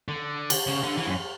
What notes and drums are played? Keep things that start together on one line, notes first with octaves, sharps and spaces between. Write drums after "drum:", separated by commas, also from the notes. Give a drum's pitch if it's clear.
D3
drum: cymbal
C#3
D3
E3
F#2